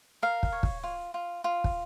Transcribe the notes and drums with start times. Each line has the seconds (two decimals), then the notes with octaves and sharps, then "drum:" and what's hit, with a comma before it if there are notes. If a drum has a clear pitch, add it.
0.22 A#4 F5
0.43 drum: kick
0.52 C#5
0.63 drum: kick
0.83 F4
1.14 F4
1.44 F4
1.64 drum: kick